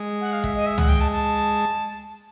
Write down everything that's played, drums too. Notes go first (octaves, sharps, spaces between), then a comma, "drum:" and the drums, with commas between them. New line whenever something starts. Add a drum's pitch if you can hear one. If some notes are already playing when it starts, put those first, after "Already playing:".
Already playing: G#3
F#5
F5
E5, drum: kick
D#5
E5
F#5, drum: tom C#2
G5
A5
A5